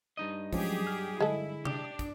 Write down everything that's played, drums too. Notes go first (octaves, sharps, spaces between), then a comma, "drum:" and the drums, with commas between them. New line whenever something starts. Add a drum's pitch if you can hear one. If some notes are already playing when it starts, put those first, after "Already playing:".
G2 D#4 D#5
F3 F#3 G#3 C#4 G4 G#4, drum: kick, open hi-hat
F6
D3 G#3 E4 G#4 A4
D4 G4, drum: tom C3
drum: kick, hi-hat